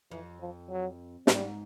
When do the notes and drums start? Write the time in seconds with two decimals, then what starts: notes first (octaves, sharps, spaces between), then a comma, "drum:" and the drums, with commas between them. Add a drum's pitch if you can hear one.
0.11 F2 E3
0.41 F3
0.69 F#3
1.27 G#2 G3, drum: snare